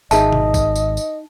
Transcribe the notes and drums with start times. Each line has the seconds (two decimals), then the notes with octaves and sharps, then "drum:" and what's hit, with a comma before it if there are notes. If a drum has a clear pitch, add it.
0.11 G#1 D#4 G#4 D#5 E5 A5, drum: tambourine
0.33 drum: tom B2
0.54 drum: kick, tambourine
0.76 drum: tambourine
0.97 drum: tambourine